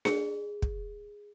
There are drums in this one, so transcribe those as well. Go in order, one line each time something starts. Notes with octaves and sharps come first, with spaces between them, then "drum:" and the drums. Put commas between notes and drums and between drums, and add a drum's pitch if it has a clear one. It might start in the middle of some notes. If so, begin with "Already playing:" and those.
G#4, drum: snare D4
drum: kick